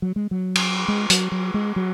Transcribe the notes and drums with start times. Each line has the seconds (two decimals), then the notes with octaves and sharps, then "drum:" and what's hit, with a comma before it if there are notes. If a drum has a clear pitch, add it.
0.02 F#3
0.16 G#3
0.31 F#3
0.55 drum: cymbal
0.88 G#3
1.10 F#3, drum: hi-hat
1.32 F#3
1.54 G#3
1.76 F#3